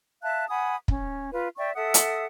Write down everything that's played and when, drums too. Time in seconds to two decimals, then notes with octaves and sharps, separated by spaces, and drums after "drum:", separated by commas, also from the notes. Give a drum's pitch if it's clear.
0.23 E5 F5 A5 F#6
0.49 F#5 G#5 B5 D#6
0.88 C#4, drum: kick
1.32 F4 B4
1.58 D5 E5 G5 C#6
1.75 A4 E5 F#5 D#6
1.94 drum: hi-hat